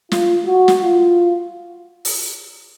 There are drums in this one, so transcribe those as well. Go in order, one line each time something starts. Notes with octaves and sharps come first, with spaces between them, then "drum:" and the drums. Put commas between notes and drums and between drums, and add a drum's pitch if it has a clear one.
F4, drum: snare
F#4
drum: snare
F4
drum: open hi-hat